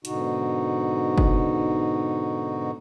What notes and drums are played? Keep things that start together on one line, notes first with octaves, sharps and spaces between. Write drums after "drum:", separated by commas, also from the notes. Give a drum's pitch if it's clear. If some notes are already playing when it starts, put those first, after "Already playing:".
G#2 B2 D3 D#4 F#4, drum: hi-hat
drum: kick